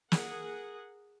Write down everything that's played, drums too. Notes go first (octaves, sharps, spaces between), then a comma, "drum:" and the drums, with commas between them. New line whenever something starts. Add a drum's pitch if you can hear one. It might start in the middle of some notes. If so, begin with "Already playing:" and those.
G#4 A#4 F#5, drum: snare